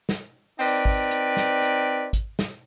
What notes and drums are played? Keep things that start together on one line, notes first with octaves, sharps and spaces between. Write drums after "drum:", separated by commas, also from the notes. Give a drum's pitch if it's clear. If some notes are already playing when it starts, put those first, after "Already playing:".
drum: snare
C4 D#4 B4 D5, drum: open hi-hat
drum: kick
drum: hi-hat
drum: snare
drum: hi-hat
drum: kick, hi-hat
drum: snare